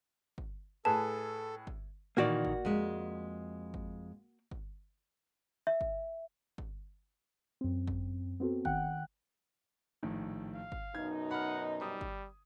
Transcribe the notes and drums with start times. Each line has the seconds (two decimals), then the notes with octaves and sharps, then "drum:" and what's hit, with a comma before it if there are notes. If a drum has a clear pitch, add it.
0.38 drum: kick G1
0.85 A2 G#4 A4 B4 A5
1.67 drum: kick G1
2.17 A#2 D#3 E3 A#3 F#4 D5
2.45 drum: kick G1
2.65 F2 G#3
3.74 drum: kick G1
4.51 drum: kick G1
5.67 E5
5.81 drum: kick G1
6.58 drum: kick G1
7.61 F#2 C4
7.87 drum: kick G1
8.40 B3 C4 F#4 A4
8.65 D#3 F#5 G5 F#6, drum: kick G1
10.03 A#1 A2 D#3
10.55 F5
10.72 drum: kick G1
10.95 F#2 B2 D#4 G#6
11.31 F#5 B5 F6
11.81 G3 D#6
12.01 drum: kick G1